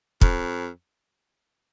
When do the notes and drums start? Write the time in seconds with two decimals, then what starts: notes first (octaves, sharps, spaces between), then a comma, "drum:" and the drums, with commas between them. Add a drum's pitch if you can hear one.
0.21 F2, drum: kick